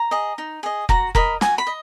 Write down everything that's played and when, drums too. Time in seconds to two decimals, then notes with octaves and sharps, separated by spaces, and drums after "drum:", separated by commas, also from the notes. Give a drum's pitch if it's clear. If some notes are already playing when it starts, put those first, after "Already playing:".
Already playing: A#5
0.11 G#4 D#5
0.38 D#4
0.63 G#4 D#5
0.89 F#4 A#5, drum: kick F1
1.15 A#4 D#5 B5, drum: kick F1
1.41 F#4 G#5, drum: snare
1.58 B5
1.67 D#5